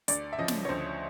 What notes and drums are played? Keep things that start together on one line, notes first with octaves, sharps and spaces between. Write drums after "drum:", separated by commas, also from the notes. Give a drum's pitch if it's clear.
D2 D5, drum: hi-hat
E5
C#3 F3 D#5
drum: snare
C#5
D2 C5